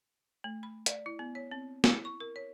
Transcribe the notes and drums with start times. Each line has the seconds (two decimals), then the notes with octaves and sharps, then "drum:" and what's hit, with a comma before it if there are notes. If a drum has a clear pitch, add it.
0.44 A3
0.63 B5
0.86 D5, drum: hi-hat
1.06 E4
1.19 B3
1.35 C#5
1.51 C4
1.84 E4, drum: snare
2.05 C#6
2.20 A#4
2.36 C#5